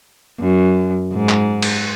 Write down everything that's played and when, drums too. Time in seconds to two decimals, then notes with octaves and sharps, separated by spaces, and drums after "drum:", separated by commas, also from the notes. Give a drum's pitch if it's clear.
0.40 F#2
1.13 G#2
1.29 drum: clap
1.62 drum: cymbal